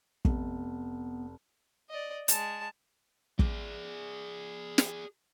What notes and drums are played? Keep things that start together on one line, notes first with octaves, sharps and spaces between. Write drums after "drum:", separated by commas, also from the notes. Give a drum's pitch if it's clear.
F1 B3, drum: kick
D5 D#5
G#3 A5, drum: hi-hat
G#4 D5, drum: kick
drum: snare